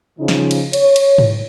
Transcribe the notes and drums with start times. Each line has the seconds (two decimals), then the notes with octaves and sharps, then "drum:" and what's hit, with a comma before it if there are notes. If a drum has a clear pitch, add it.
0.19 C#3 F3 D#4
0.28 drum: snare
0.51 drum: cymbal
0.73 C#5, drum: cymbal
0.96 drum: cymbal
1.18 drum: tom G#2